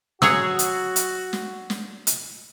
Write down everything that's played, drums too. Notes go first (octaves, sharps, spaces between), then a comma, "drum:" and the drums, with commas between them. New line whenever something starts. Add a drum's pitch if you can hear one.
F#3 F#4 G#4 C#5 E6, drum: snare
drum: hi-hat
drum: hi-hat
drum: snare
drum: snare
drum: hi-hat